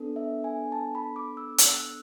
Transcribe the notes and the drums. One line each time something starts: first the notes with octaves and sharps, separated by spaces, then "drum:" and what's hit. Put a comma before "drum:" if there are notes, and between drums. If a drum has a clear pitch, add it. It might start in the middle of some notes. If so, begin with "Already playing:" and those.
Already playing: B3 D4 A4
E5
G#5
A5
B5
D6
E6
F#6, drum: hi-hat
E6
F#6